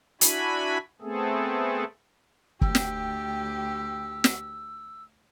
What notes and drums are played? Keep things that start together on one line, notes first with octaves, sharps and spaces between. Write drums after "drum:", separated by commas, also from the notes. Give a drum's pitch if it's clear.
D4 E4 F#4 G#5 B5, drum: hi-hat
A3 B3 C4 G#4 A4
D2 G4 G5 E6, drum: kick
drum: snare
drum: snare